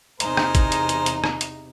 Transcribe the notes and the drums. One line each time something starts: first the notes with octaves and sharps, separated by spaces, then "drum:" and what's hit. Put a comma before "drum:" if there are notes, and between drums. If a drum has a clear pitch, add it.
E2 C3 D#4 G#4 A#4 C5 A#5, drum: hi-hat
drum: rim click
drum: kick, hi-hat
drum: hi-hat
drum: hi-hat
drum: hi-hat
drum: rim click
drum: hi-hat